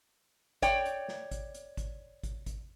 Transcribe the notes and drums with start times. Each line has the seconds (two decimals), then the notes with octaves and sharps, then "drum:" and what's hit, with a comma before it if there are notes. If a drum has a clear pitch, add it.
0.62 C#5 D5 G5, drum: kick G#1, hi-hat
0.85 drum: hi-hat
1.08 drum: snare
1.31 drum: kick G#1, hi-hat
1.54 drum: hi-hat
1.77 drum: kick G#1, hi-hat
2.23 drum: kick G#1, hi-hat
2.46 drum: kick G#1, hi-hat